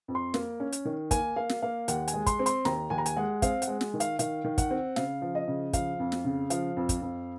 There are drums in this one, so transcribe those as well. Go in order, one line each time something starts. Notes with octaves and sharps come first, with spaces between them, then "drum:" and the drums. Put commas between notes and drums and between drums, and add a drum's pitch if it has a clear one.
F2
C6
A#3, drum: snare
C#4
drum: hi-hat
D#3
A#3 G#5, drum: kick, hi-hat
A#3 F5
drum: snare
A#3 F5
D#2 F#5, drum: hi-hat
G#5, drum: hi-hat
G#3
C6, drum: kick, hi-hat
C4
C6, drum: hi-hat
D#2 A#5, drum: snare
D#2 G#5
A#5
G#5, drum: hi-hat
G#3 F#5
C4 F5, drum: kick, hi-hat
F#5, drum: hi-hat
G#3
drum: snare
D#3
F5, drum: hi-hat
D#3 F5, drum: hi-hat
D#3
F#5, drum: kick, hi-hat
C4
C#3 F5, drum: snare
F3
D#5
C#3
F3 F5, drum: kick, hi-hat
F2
drum: snare
C#3
F3 F5, drum: hi-hat
F2
drum: kick, hi-hat
F2